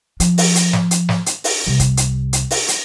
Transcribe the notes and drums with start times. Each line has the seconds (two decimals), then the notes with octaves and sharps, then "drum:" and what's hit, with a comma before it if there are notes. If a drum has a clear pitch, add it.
0.20 F3, drum: hi-hat
0.38 drum: open hi-hat
0.55 drum: hi-hat
0.73 drum: snare
0.91 drum: hi-hat
1.09 drum: snare
1.26 drum: hi-hat
1.44 drum: open hi-hat
1.67 C2 C3
1.80 drum: kick, hi-hat
1.97 drum: hi-hat
2.33 drum: hi-hat
2.51 drum: open hi-hat
2.68 drum: hi-hat